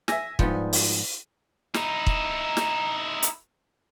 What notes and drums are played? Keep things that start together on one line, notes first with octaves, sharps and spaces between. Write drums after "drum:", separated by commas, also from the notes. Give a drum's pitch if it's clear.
E5 G#5 E6 A#6, drum: snare
G#2 F3 G3 B3 D#4 F4, drum: kick
drum: open hi-hat
D#4 E4, drum: snare
drum: kick
drum: snare
drum: hi-hat